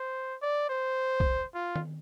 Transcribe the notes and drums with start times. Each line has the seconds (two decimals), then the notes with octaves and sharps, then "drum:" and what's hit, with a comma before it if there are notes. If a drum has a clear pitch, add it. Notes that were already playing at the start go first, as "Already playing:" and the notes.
Already playing: C5
0.42 D5
0.69 C5
1.20 drum: kick
1.55 F4
1.76 drum: tom D#3